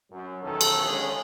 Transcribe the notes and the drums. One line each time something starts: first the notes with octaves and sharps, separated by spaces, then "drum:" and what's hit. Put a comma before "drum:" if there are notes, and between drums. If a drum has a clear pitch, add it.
F#2
B1 E2 D#3 C#4 A4
drum: cymbal
D3 D#3 G#3 C#4 D4 G#4